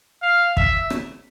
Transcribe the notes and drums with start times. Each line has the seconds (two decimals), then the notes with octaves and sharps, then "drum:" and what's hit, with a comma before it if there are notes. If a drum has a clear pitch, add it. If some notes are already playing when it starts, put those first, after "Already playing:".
0.22 F5
0.57 E5, drum: kick
0.90 drum: rim click